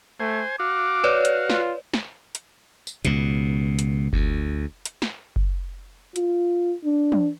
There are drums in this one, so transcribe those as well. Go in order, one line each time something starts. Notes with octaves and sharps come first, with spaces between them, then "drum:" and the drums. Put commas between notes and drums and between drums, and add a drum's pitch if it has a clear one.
A3 C5 G#5
F#4 F5 D6
B4 C#5 D5
drum: hi-hat
F4, drum: snare
drum: snare
drum: hi-hat
drum: tambourine
C#2 B2, drum: hi-hat
drum: hi-hat
D2, drum: kick F#1
drum: hi-hat
drum: snare
drum: kick F#1
F4, drum: hi-hat
D4
drum: tom